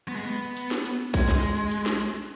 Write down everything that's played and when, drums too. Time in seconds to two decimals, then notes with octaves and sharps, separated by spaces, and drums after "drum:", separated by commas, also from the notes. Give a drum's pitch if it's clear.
0.09 B3
0.16 G#3
0.25 B3
0.57 drum: hi-hat
0.71 drum: snare
0.85 drum: hi-hat
1.14 G#3, drum: kick A#1, hi-hat
1.28 drum: snare
1.43 drum: hi-hat
1.71 drum: hi-hat
1.86 drum: snare
2.00 drum: hi-hat